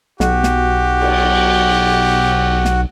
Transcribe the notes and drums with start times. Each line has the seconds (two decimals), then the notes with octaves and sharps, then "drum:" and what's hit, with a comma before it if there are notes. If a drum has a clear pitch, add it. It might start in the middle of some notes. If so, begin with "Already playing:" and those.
0.20 B1 F#4 G4, drum: snare
0.43 drum: snare
1.01 drum: cymbal
2.65 drum: snare